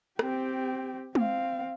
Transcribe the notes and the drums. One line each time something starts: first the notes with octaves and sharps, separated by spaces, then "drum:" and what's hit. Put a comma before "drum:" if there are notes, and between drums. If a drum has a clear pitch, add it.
C4 G4, drum: rim click
C4 F5, drum: tom G#3